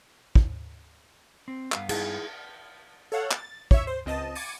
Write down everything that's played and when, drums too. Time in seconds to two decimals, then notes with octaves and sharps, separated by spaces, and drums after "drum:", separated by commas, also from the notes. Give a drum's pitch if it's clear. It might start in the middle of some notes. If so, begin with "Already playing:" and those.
0.35 drum: kick
1.48 C4
1.72 G2 B3 F5, drum: clap
1.89 D#4 E4 G#4, drum: cymbal
3.12 A4 C#5 F5 F#5
3.31 A6, drum: clap
3.71 C#5 E5, drum: kick
3.87 C5
4.06 C#2 C4 D#5 A5
4.35 D6 G#6 A6 C#7 D#7, drum: open hi-hat